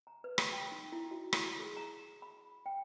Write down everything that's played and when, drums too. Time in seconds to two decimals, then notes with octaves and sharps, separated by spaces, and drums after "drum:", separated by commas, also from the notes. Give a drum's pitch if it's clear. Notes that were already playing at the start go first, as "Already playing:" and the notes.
0.07 A#5
0.24 B4
0.38 B5, drum: rim click
0.52 G5
0.72 D#4
0.92 E4
1.11 F#4
1.33 E4, drum: rim click
1.60 G#4
1.77 A#5
2.22 B5
2.66 G5